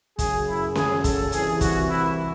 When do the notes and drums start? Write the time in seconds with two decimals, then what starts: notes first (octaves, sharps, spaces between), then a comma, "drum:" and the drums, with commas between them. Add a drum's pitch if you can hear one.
0.19 F#2 C#3 F#3 G#4, drum: kick, hi-hat
0.47 E4
0.75 G#4, drum: snare C#4
1.04 A4, drum: kick, hi-hat
1.32 C2 C3 E3 G#4, drum: hi-hat
1.61 F#4, drum: kick, hi-hat
1.89 E4